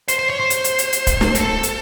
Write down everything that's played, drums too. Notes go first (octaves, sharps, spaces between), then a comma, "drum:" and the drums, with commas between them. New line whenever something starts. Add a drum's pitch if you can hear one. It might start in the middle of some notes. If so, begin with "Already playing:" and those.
C5, drum: hi-hat
C5
C#5
C5
drum: hi-hat
drum: hi-hat
drum: hi-hat
drum: hi-hat
drum: kick D1, hi-hat
drum: snare
A4, drum: hi-hat
drum: hi-hat